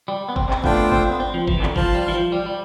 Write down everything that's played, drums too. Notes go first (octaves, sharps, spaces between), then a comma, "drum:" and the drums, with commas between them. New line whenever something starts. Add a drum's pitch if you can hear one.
G3
B3
C4, drum: kick G1
C4, drum: clap
A3 B3 D4 F4 C5 G5, drum: kick G1
C4, drum: kick G1
B3
C4
F3
E3, drum: kick G1
C3
D3, drum: clap
F3 F4 C5 F5 A5, drum: kick G1
G3
E3
F3
G3
G3